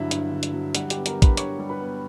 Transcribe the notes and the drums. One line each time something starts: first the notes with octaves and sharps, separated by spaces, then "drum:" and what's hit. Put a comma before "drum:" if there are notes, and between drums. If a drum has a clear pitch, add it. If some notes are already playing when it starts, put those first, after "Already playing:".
Already playing: G2 D3 F#3 E4 E5
G2, drum: hi-hat
D3
drum: hi-hat
F#3
G3 F#4 F#5, drum: hi-hat
G4 G5, drum: hi-hat
B3
A#4 A#5, drum: hi-hat
D4
B4 B5, drum: kick A#1, hi-hat
D3 C#5 C#6, drum: hi-hat
G3
B4 B5
B3